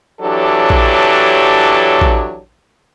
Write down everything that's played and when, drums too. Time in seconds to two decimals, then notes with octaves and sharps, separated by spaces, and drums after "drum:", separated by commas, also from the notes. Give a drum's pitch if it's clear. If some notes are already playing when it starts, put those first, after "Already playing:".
0.21 E3 F#3 D4 G4 A4 C#5
0.70 drum: kick
2.01 drum: kick